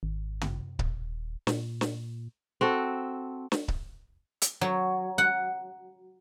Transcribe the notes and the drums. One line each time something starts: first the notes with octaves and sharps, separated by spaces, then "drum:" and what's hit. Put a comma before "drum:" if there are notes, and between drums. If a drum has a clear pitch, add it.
G#1
drum: tom
D#1, drum: kick C#1
A#2, drum: snare
drum: snare
C4 F#4 A4
drum: snare
drum: kick C#1
drum: hi-hat
F#3
F#5